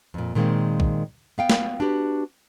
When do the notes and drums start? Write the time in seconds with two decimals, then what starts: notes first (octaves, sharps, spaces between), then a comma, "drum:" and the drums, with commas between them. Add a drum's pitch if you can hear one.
0.14 F2 A#2
0.35 A#2 D#3 G#3 A#3 C4
0.80 drum: kick
1.38 B3 F5 G5
1.50 drum: snare
1.80 D4 F#4 G4 B4